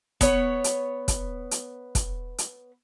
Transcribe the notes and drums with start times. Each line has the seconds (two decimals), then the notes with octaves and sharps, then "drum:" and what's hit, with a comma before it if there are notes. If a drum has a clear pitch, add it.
0.21 B3 C#5, drum: kick, hi-hat
0.64 drum: hi-hat
1.08 drum: kick, hi-hat
1.51 drum: hi-hat
1.95 drum: kick, hi-hat
2.38 drum: hi-hat